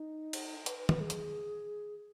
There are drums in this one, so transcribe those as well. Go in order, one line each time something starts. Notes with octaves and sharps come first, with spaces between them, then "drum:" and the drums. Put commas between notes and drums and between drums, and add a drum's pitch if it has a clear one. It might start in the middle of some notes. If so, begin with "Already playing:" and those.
Already playing: D#4
drum: cymbal
B4, drum: hi-hat
B4
B4, drum: tom
G#4
drum: hi-hat